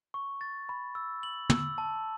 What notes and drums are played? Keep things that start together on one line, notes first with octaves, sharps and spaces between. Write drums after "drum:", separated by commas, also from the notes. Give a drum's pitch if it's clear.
C#6
A6
B5
E6
F#7
E6, drum: tom
A5